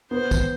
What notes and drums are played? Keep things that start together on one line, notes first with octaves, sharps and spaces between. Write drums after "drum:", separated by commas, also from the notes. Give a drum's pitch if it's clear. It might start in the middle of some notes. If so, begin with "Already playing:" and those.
B3 C5
drum: kick, tambourine